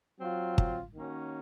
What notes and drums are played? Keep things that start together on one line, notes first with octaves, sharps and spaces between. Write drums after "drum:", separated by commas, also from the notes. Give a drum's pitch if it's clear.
F#3 C4 F4
drum: kick
D#3 A#3 C#4 F#4